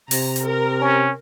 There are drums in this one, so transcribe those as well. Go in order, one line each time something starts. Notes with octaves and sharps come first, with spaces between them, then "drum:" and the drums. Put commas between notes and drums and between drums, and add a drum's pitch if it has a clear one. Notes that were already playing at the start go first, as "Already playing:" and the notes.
C3 A#5, drum: open hi-hat
drum: hi-hat
A#4
C#4